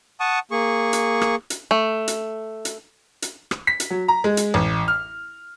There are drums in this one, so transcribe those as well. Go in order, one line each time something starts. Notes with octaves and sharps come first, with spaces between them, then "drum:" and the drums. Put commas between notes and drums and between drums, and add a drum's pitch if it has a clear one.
F#5 A5 C#6 D#6
A#3 G#4 C#6
drum: hi-hat
drum: rim click
drum: hi-hat
A3
drum: hi-hat
drum: hi-hat
drum: hi-hat
drum: rim click
B6
drum: hi-hat
F#3
A#5
G#3
drum: hi-hat
A1
F6